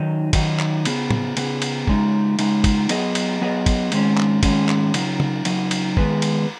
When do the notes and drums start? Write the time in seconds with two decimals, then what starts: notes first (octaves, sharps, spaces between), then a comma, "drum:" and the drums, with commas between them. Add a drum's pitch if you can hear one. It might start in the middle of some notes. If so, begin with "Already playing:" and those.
Already playing: D#3 F#3 D#4
0.33 D#3 F#3 D#4, drum: kick, cymbal
0.59 drum: clap
0.85 C#3 B3 G#4, drum: cymbal
1.11 drum: tom A2
1.37 C#3 B3 G#4, drum: cymbal
1.62 drum: cymbal
1.87 C#3 G#3 D#4, drum: kick
2.39 C#3 G#3 D#4, drum: cymbal
2.64 drum: kick, cymbal
2.89 F#3 B3 G#4 D#5, drum: cymbal
3.15 drum: cymbal
3.41 F#3 B3 G#4 D#5
3.66 drum: kick, cymbal
3.92 G#2 D#3 G#3 C#4, drum: cymbal
4.18 drum: clap
4.43 G#2 D#3 G#3 C#4, drum: kick, cymbal
4.69 drum: clap
4.94 C#3 F#3 D#4, drum: cymbal
5.20 drum: tom
5.45 C#3 F#3 D#4, drum: cymbal
5.71 drum: cymbal
5.97 D#3 G#3 B3 G#4 B4, drum: kick
6.22 drum: cymbal